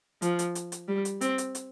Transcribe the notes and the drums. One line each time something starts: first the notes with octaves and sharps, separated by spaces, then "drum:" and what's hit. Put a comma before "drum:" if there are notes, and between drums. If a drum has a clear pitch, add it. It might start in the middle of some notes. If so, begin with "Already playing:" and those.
F3, drum: hi-hat
drum: hi-hat
drum: hi-hat
drum: hi-hat
G3
drum: hi-hat
C4, drum: hi-hat
drum: hi-hat
drum: hi-hat